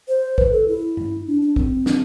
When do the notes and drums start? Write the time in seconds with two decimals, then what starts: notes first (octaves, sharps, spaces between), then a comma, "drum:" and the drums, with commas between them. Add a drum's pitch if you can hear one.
0.08 C5
0.38 B4, drum: kick
0.52 A4
0.68 E4
0.97 drum: tom G2
1.27 D4
1.42 D4
1.56 C4, drum: kick
1.86 drum: snare